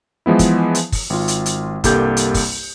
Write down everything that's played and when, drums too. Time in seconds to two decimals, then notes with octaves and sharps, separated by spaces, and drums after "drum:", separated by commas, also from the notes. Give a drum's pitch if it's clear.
0.26 E3 F3 G#3 B3 E4
0.39 drum: kick, hi-hat
0.75 drum: hi-hat
0.92 drum: kick, open hi-hat
1.10 G#1 F4
1.28 drum: hi-hat
1.46 drum: hi-hat
1.84 C2 G2 A#3 G4 A4 G6, drum: kick, hi-hat
2.17 drum: hi-hat
2.34 drum: kick, open hi-hat